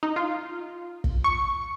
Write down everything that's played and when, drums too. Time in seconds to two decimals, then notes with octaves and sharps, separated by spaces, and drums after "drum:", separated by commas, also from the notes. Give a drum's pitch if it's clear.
0.03 D#4
0.16 F4
1.04 drum: kick
1.24 C#6